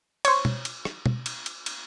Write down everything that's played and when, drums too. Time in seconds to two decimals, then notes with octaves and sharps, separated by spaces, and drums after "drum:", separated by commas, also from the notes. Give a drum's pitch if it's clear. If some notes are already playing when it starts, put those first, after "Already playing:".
0.25 C5 C#5, drum: cymbal
0.45 drum: tom
0.65 drum: cymbal
0.85 drum: rim click
1.06 drum: tom
1.26 drum: cymbal
1.46 drum: cymbal
1.66 drum: cymbal